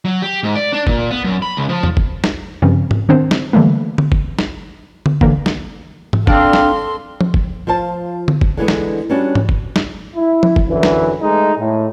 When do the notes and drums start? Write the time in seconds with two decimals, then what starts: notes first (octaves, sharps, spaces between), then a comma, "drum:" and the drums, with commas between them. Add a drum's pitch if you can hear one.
0.05 F#3
0.22 G4
0.43 G#2
0.55 D5
0.73 D4
0.87 A#2, drum: kick
1.11 B3
1.24 F#2
1.42 B5
1.57 C#2
1.69 F3
1.83 drum: tom E2
1.97 drum: kick
2.24 drum: snare
2.62 G2 C#3 F3 C4 C#4
2.91 drum: tom G#2
3.09 D#3 B3 C4 D4 C5
3.31 drum: snare
3.53 D3 E3 G3 A3 A#3
3.98 drum: tom D3
4.12 drum: kick
4.39 drum: snare
5.06 drum: tom D3
5.21 D3 E3 A#3, drum: kick
5.46 drum: snare
6.13 drum: tom G#2
6.27 C4 D4 A4 F5 C6, drum: kick
6.53 drum: snare
7.21 drum: tom F3
7.34 drum: kick
7.67 F3 F4 C5 A5
8.28 drum: tom D3
8.41 drum: kick
8.57 D3 E3 G#3 B3
8.68 drum: snare
9.09 G3 B3 C#4 D4 F#4
9.35 drum: tom G#2
9.49 drum: kick
9.76 drum: snare
10.15 E4
10.43 drum: tom F3
10.56 drum: kick
10.68 F#2 D3 E3
10.83 drum: snare
11.22 G#3 A3 D#4
11.59 A2